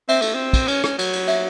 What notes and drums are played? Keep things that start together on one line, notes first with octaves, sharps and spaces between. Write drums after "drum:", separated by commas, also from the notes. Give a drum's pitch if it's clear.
C4 E5, drum: cymbal
A3, drum: cymbal
C4
drum: kick, cymbal
C#4, drum: cymbal
C#4, drum: rim click
F#3, drum: cymbal
drum: cymbal
E5, drum: cymbal